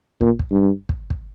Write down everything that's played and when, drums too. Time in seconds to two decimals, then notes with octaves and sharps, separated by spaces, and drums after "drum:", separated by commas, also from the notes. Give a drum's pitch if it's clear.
0.21 A#2, drum: kick
0.39 drum: kick
0.51 G2
0.89 drum: kick
1.10 drum: kick